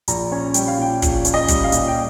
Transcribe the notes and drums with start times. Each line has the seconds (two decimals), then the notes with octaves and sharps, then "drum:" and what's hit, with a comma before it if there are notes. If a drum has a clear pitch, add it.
0.08 A#1 A#5, drum: hi-hat
0.32 C#4
0.54 G3 G5, drum: hi-hat
0.68 F5
0.78 A#2 G5
1.02 A#1, drum: kick, hi-hat
1.25 C#4, drum: hi-hat
1.34 D#5
1.48 G3, drum: kick, hi-hat
1.64 F5
1.72 A#2, drum: hi-hat
1.88 G5